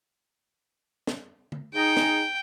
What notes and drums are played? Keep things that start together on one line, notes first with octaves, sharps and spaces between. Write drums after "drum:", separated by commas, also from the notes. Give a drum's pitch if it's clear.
drum: snare
drum: tom
D#4 G#4 G5
drum: snare